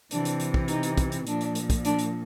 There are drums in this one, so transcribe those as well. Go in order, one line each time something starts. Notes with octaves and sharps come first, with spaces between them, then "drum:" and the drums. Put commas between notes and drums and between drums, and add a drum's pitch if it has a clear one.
C3 E3 D4, drum: hi-hat
drum: hi-hat
drum: hi-hat
drum: kick
D#4, drum: hi-hat
drum: hi-hat
drum: kick, hi-hat
drum: hi-hat
A#2 F3 D4, drum: hi-hat
drum: hi-hat
drum: hi-hat
drum: kick, hi-hat
D4, drum: hi-hat
drum: hi-hat